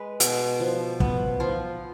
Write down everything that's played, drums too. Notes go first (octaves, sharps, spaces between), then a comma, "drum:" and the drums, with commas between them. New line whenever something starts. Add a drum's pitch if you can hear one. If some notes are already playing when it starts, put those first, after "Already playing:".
Already playing: G#3 B4
B2, drum: hi-hat
F3
B3, drum: kick
F3 F4